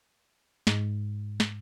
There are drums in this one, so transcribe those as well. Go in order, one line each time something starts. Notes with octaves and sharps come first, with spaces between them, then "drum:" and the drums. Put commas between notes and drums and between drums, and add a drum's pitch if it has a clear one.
G#2, drum: snare
drum: snare